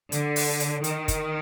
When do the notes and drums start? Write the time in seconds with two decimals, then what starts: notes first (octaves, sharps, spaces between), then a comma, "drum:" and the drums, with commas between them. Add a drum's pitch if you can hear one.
0.12 D3, drum: hi-hat
0.36 drum: open hi-hat
0.60 drum: hi-hat
0.84 D#3, drum: hi-hat
1.08 drum: kick, hi-hat